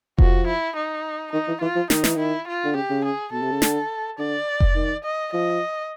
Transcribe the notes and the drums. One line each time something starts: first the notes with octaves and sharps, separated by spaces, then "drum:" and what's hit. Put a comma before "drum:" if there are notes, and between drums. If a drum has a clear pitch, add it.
F3 F#4, drum: kick F1
E4
D#4
D#3 D#4
E3
E3 F4
F3
D#3 D#4, drum: snare
E3, drum: snare
D#3 E4
F4
D3
C#3 G4
C#3
G#4
B2 A4
C3
C#3
D3, drum: snare
D3 D5
drum: kick F1
D#3
D#5
F3 D#5